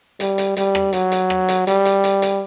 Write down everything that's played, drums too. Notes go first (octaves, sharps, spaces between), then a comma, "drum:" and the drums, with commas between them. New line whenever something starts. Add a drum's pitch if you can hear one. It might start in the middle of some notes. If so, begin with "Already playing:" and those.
G3, drum: hi-hat
drum: hi-hat
G3, drum: hi-hat
drum: rim click
F#3, drum: hi-hat
drum: hi-hat
drum: rim click
drum: hi-hat
G3, drum: hi-hat
drum: hi-hat
drum: hi-hat
drum: hi-hat